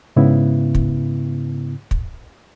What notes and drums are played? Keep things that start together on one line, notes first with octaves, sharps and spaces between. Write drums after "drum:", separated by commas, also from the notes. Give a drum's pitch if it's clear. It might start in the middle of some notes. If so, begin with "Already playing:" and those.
G#2 C#3 B3 E4
drum: kick
drum: kick